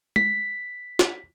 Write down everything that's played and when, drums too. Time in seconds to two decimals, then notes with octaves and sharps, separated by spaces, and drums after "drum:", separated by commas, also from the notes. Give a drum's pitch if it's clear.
0.16 B6, drum: tom G#3
0.99 drum: snare